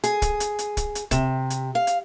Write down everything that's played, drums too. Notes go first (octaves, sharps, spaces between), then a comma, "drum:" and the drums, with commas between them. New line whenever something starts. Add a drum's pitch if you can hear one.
G#4, drum: hi-hat
drum: kick, hi-hat
drum: hi-hat
drum: hi-hat
drum: kick, hi-hat
drum: hi-hat
C3, drum: kick, hi-hat
drum: hi-hat
F5
drum: hi-hat